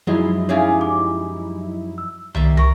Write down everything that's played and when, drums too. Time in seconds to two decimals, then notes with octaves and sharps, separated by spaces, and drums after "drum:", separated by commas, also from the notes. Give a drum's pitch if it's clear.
0.07 F#2 F3 F#3 G#3 D#4 E4 G#4
0.49 C#4 G4 G#4 C#5 E5 F5
0.81 G#5 D6
1.98 E6
2.35 D#3 G3 A#3 E5, drum: tom
2.57 A#4 C#6 A#6, drum: tom